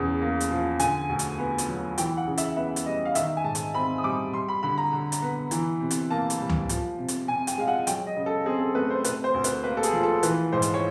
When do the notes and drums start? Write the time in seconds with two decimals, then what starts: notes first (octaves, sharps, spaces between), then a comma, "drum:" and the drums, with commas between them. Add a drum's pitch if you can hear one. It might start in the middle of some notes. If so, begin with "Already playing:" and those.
Already playing: E2 C#3
0.21 A#3
0.40 drum: hi-hat
0.50 F3
0.79 D3 G#5, drum: hi-hat
1.09 D2
1.19 drum: hi-hat
1.39 B3
1.58 drum: hi-hat
1.68 F#3
1.98 E3 G5, drum: hi-hat
2.17 F#5
2.27 C#3
2.37 E5, drum: hi-hat
2.56 B3 E5
2.76 drum: hi-hat
2.86 G3 D#5
3.05 F5
3.15 D#3 E5, drum: hi-hat
3.37 G#5
3.44 G#2 A5
3.55 drum: hi-hat
3.74 C4 B5
3.98 D#6
4.04 G3 D6
4.33 G3 C6
4.49 B5
4.63 D3 B5
4.78 A#5
4.93 D3
5.12 drum: hi-hat
5.22 B3
5.51 E3, drum: hi-hat
5.81 C3
5.91 drum: hi-hat
6.10 A#3 A5
6.30 drum: hi-hat
6.40 G3
6.49 drum: tom C#2
6.69 F3, drum: hi-hat
6.99 C3
7.08 drum: hi-hat
7.28 C3 G#5
7.47 G5, drum: hi-hat
7.58 G#3 F5
7.68 F#5
7.87 F#3 G5, drum: hi-hat
8.06 D#5
8.16 C#3
8.26 A4
8.46 C4 G#4
8.61 A4
8.75 A3 B4
8.90 C5
9.04 C3 B4, drum: hi-hat
9.24 C5
9.34 D2
9.44 B4, drum: hi-hat
9.64 A#3 B4
9.77 A4
9.83 G#4, drum: hi-hat
9.93 F3
10.03 A4
10.23 E3 B4, drum: hi-hat
10.53 G#2 C5
10.62 drum: hi-hat
10.74 C#5